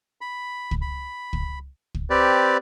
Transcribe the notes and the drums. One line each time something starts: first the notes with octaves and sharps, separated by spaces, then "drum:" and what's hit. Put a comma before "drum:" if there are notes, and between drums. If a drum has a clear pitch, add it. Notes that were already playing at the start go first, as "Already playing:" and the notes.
B5
drum: kick
B5
drum: kick
drum: kick
C4 G4 B4 D5